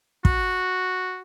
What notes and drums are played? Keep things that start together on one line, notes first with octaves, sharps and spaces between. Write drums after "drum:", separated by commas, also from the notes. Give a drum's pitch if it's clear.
F#4, drum: kick